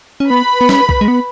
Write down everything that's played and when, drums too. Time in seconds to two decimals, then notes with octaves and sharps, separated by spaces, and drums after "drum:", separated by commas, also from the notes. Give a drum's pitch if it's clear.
0.20 C#4
0.29 B3 B4 B5
0.61 B3
0.69 C#4, drum: snare
0.89 drum: kick B1
1.01 G#3
1.08 B3